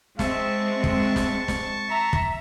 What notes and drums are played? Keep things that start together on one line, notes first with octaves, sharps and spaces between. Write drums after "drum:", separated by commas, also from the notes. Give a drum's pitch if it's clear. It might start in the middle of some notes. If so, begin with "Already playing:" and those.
G#3 C4 E5 A5 C#6, drum: snare
drum: kick
drum: snare
drum: snare
E5 A#5
drum: kick